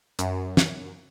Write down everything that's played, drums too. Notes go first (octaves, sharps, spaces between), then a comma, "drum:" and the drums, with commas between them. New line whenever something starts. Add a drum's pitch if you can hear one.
F#2, drum: hi-hat
drum: snare